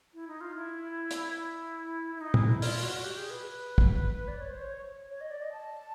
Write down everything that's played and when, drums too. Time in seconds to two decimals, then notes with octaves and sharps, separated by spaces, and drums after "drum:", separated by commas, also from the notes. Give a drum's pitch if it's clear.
0.14 E4
0.28 D#4
0.41 F4
0.55 E4
1.11 drum: hi-hat
2.15 E4
2.21 D#4
2.34 E4, drum: tom
2.48 E4
2.62 F4, drum: open hi-hat
2.83 F#4
3.04 G4
3.17 G#4
3.31 B4
3.78 drum: kick
4.28 D5
4.39 C#5
4.50 C5
4.61 C#5
5.10 C#5
5.21 D#5
5.31 D5
5.42 D#5
5.52 A5